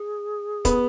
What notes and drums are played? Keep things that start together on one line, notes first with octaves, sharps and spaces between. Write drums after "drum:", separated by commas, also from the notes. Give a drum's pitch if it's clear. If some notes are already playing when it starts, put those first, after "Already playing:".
Already playing: G#4
B3, drum: kick, hi-hat